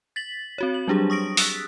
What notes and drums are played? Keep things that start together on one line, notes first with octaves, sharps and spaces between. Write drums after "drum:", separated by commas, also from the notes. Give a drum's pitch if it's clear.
A6 B6 F#7
C4 F#4 C#5
F#7
F#3 G3 D4 G4 G#4
C#6 D#6 A#6 D7
D#6 E6 F#6 A6 B6, drum: open hi-hat